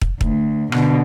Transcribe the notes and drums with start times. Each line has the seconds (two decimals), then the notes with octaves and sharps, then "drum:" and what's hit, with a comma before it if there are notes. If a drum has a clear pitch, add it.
0.02 drum: kick
0.21 D2, drum: kick
0.72 B2 D3, drum: rim click